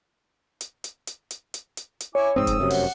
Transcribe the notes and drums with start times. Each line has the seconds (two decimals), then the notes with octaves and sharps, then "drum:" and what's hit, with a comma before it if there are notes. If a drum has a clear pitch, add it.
0.61 drum: hi-hat
0.84 drum: hi-hat
1.07 drum: hi-hat
1.31 drum: hi-hat
1.54 drum: hi-hat
1.77 drum: hi-hat
2.00 drum: hi-hat
2.15 E4 C#5 G#5 D6
2.36 F1 G#2 C4 D#6 E6
2.47 drum: kick, hi-hat
2.59 F1 F#2 C3
2.70 F#5, drum: open hi-hat